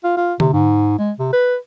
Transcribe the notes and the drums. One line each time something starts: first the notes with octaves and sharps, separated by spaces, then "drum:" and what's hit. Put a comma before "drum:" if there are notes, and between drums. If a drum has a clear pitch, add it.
F4
F4
C3, drum: tom D3
G#2
G#3
C3
B4